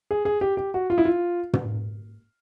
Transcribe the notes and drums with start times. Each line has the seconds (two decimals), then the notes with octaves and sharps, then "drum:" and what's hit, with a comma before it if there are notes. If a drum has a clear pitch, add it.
0.11 G#4
0.25 G#4
0.41 G4
0.57 G4
0.74 F#4
0.90 F4
0.98 E4
1.05 F4
1.53 drum: tom